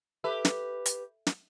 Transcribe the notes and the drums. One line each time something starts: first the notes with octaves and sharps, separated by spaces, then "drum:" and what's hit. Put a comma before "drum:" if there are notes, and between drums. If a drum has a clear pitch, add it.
G4 A4 B4 E5
drum: snare
drum: hi-hat
drum: snare